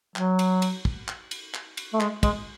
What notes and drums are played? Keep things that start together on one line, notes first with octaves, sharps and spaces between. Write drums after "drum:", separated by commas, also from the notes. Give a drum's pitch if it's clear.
F#3, drum: clap
drum: cymbal
drum: cymbal
drum: kick
drum: clap
drum: cymbal
drum: clap
drum: cymbal
A3
G#3, drum: clap
G#3, drum: kick, cymbal